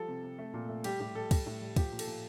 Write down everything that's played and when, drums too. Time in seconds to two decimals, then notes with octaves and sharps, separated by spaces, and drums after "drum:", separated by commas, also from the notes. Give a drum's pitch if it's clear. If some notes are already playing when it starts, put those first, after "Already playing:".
Already playing: F3 G3 A4
0.08 C3
0.24 C3
0.38 A3
0.54 A#2
0.69 A3
0.84 G3 G4, drum: cymbal
1.00 A2 G4
1.15 G3 A4
1.31 G3, drum: kick, cymbal
1.46 A2
1.61 G3
1.76 F3 G4, drum: kick, cymbal
1.92 A#2
1.99 A4, drum: cymbal
2.07 A#2